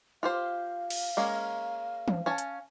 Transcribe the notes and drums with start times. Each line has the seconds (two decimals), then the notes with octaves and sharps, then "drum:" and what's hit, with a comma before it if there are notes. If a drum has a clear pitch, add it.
0.23 F4 G4 C5 F5
0.90 drum: cymbal
1.17 G#3 A#3 C#4
2.08 drum: tom E3
2.26 C#4 G#5 A5
2.38 drum: hi-hat